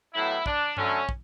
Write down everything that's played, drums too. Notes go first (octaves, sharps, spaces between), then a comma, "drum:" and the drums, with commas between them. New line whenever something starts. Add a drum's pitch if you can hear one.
A2 F#3 B3 E4
D4, drum: kick
D3 F#3 A3 C#4, drum: tom G2
drum: kick